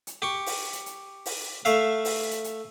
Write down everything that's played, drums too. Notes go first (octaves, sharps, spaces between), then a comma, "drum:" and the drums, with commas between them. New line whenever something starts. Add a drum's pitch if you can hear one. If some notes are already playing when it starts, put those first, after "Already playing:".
drum: hi-hat
G4 C#6
drum: open hi-hat
drum: hi-hat
drum: hi-hat
drum: open hi-hat
A3 E5 F5, drum: hi-hat
drum: open hi-hat
drum: hi-hat
drum: hi-hat